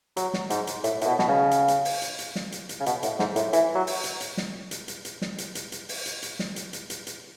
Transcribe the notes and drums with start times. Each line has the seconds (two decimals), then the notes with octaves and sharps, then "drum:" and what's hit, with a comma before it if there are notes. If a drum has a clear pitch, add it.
0.17 F#3, drum: hi-hat
0.34 drum: snare
0.50 G#2, drum: hi-hat
0.67 drum: hi-hat
0.84 A2, drum: hi-hat
1.01 A2, drum: hi-hat
1.07 B2
1.19 B2, drum: snare
1.28 C#3
1.51 drum: hi-hat
1.68 drum: hi-hat
1.85 drum: open hi-hat
2.02 drum: hi-hat
2.19 drum: hi-hat
2.35 drum: snare
2.52 drum: hi-hat
2.69 drum: hi-hat
2.80 C#3
2.86 B2, drum: hi-hat
3.03 A2, drum: hi-hat
3.19 G#2, drum: snare
3.36 A2, drum: hi-hat
3.53 E3, drum: hi-hat
3.75 F#3
3.87 drum: open hi-hat
4.04 drum: hi-hat
4.21 drum: hi-hat
4.37 drum: snare
4.71 drum: hi-hat
4.88 drum: hi-hat
5.05 drum: hi-hat
5.22 drum: snare
5.38 drum: hi-hat
5.55 drum: hi-hat
5.72 drum: hi-hat
5.89 drum: open hi-hat
6.06 drum: hi-hat
6.23 drum: hi-hat
6.39 drum: snare
6.56 drum: hi-hat
6.73 drum: hi-hat
6.90 drum: hi-hat
7.07 drum: hi-hat